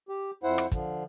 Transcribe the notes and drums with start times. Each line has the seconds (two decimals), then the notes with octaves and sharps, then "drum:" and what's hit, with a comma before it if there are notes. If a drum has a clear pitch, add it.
0.09 G4
0.43 F2 E4 C5 F#5
0.58 drum: rim click
0.72 D3 F3, drum: kick, hi-hat